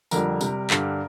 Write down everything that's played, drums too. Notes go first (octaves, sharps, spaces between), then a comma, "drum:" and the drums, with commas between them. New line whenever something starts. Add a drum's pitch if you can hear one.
F2 D3 G3 A#4, drum: tambourine
C3 G3, drum: tambourine
G2 D3 G3, drum: clap